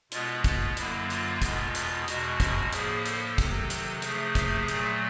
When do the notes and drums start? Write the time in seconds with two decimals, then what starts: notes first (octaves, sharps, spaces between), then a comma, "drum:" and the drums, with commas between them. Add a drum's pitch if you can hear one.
0.12 B2 G#3 B3 F4, drum: hi-hat
0.44 F4, drum: kick, hi-hat
0.77 F#2 D3 F#3 A#3 E4, drum: hi-hat
1.10 F4, drum: hi-hat
1.42 E2 B2 G#3 B3 F4, drum: kick, hi-hat
1.75 drum: hi-hat
2.08 E2 B2 G#3 F#4, drum: hi-hat
2.40 drum: kick, hi-hat
2.73 A2 F3 A#3 G#4, drum: hi-hat
3.06 A4, drum: hi-hat
3.38 C3 D#3 F#3, drum: kick, hi-hat
3.70 drum: hi-hat
4.02 C3 F3 A3 G#4, drum: hi-hat
4.35 drum: kick, hi-hat
4.68 A#2 F#3 A3, drum: hi-hat